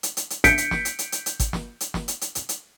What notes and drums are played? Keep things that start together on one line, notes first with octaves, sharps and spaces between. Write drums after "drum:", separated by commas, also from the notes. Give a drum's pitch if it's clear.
drum: hi-hat
drum: hi-hat
drum: hi-hat
G6 B6 C#7 D7, drum: kick, hi-hat
drum: hi-hat
drum: snare
drum: hi-hat
drum: hi-hat
drum: hi-hat
drum: hi-hat
drum: kick, hi-hat
drum: snare
drum: hi-hat
drum: snare
drum: hi-hat
drum: hi-hat
drum: hi-hat
drum: hi-hat